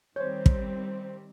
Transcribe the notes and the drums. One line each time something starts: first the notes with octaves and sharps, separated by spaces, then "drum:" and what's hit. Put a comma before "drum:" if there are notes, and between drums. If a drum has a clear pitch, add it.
D#3 G3 C4 C5 C#5 G6
drum: kick